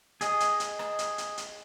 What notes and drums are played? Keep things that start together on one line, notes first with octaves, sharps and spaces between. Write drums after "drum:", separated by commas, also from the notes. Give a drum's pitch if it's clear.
G#4 D#5, drum: hi-hat
drum: hi-hat
drum: hi-hat
drum: rim click
drum: hi-hat
drum: hi-hat
drum: hi-hat